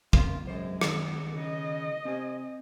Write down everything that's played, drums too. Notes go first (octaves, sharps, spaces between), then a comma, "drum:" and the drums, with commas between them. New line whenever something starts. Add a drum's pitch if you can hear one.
C#3 A#3 F4, drum: kick
F#2 G#3 C4 C5
D#3, drum: rim click
C#3 D#5
C3 C4 G#5